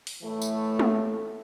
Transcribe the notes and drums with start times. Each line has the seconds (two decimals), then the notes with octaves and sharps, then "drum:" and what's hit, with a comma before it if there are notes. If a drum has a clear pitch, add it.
0.07 drum: open hi-hat
0.22 A2 E3 A3
0.42 drum: tambourine
0.79 drum: tom